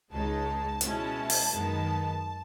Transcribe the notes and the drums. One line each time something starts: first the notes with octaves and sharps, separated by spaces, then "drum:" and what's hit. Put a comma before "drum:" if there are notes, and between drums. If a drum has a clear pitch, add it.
C#2 C#3 G#3 D#4 A5
B2 G#3 C#4 E4, drum: hi-hat
drum: open hi-hat
F#2 D#3 G#3 B3 D#4